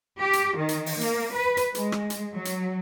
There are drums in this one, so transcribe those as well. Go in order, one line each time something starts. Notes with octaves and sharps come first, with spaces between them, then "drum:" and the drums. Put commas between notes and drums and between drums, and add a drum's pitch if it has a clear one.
G4
drum: hi-hat
D#3
drum: hi-hat
drum: open hi-hat
A#3, drum: hi-hat
B4
drum: hi-hat
G#3, drum: hi-hat
drum: rim click
drum: hi-hat
F#3
drum: hi-hat